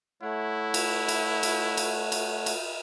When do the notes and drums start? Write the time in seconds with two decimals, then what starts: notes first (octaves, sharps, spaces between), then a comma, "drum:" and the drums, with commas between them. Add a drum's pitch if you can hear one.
0.22 A3 E4 C#5 F#5
0.74 drum: cymbal
1.08 drum: cymbal
1.43 drum: cymbal
1.77 drum: cymbal
2.12 drum: cymbal
2.46 drum: cymbal